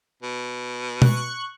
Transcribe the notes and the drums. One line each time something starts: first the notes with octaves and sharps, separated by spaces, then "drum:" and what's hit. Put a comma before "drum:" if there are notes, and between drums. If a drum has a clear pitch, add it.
B2
C#6 F#6, drum: tom B2